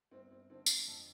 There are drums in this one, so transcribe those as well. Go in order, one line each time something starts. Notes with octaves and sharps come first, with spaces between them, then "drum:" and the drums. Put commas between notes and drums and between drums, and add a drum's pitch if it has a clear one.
G1 C4
C4
D3 C4
drum: tambourine
F2